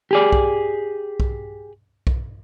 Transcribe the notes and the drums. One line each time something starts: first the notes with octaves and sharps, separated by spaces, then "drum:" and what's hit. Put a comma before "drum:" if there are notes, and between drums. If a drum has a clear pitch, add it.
G4 G#4 D5
drum: kick B1
drum: kick B1
drum: kick B1